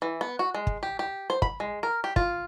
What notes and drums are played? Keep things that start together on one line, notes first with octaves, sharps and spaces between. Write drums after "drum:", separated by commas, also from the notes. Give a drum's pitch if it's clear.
E3
B3
F#4
G#3
drum: kick
G4
G4
C5
B5, drum: kick
G#3
A#4
G4
F4, drum: kick